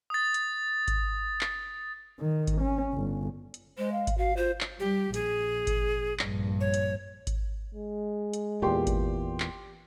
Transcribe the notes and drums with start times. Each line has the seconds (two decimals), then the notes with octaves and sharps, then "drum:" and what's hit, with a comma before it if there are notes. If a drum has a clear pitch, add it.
0.10 D#6 A6
0.34 drum: hi-hat
0.88 drum: kick G#1, hi-hat
1.41 drum: clap
2.19 D#3
2.47 drum: kick G#1, hi-hat
2.61 C#4
2.93 G1
3.54 drum: hi-hat
3.78 G#3 C5
3.92 F5
4.07 drum: kick G#1, hi-hat
4.18 F#4 F5
4.36 F4 C5
4.61 drum: clap
4.80 G3 G4
5.14 A#1 G#4, drum: hi-hat
5.67 drum: kick G#1, hi-hat
6.19 A#1 G2, drum: clap
6.61 C#5
6.74 drum: hi-hat
7.27 drum: kick G#1, hi-hat
7.75 G#3
8.33 drum: hi-hat
8.62 E2 A#2 G4 C6
8.87 drum: kick G#1, hi-hat
9.40 drum: clap